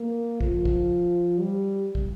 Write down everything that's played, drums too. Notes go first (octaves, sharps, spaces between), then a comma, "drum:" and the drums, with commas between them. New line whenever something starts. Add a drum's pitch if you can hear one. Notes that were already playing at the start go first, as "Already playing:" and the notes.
Already playing: A#3
F3, drum: kick
drum: kick
G3
drum: kick